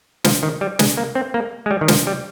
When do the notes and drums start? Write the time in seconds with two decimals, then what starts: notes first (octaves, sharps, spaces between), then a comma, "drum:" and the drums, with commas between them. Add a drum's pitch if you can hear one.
0.24 F3, drum: snare
0.43 D#3
0.61 G3
0.79 G#3, drum: snare
0.97 A#3
1.15 C4
1.34 A#3
1.66 G#3
1.71 G3
1.81 D#3
1.88 F3, drum: snare
2.07 G3